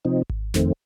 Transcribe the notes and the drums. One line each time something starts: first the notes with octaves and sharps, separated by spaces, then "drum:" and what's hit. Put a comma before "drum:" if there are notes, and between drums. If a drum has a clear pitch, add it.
C3 F3 C4 D#4
drum: kick G#1
F2 D#3 A3 C4, drum: snare